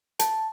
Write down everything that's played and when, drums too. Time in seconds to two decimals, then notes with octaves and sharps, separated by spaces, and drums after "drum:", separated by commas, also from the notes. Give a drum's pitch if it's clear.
0.19 A5, drum: hi-hat